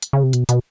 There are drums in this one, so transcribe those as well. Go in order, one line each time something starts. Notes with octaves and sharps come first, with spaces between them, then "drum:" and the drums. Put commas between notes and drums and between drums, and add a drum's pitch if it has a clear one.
drum: hi-hat
C#3
C3
B2, drum: hi-hat
B2, drum: hi-hat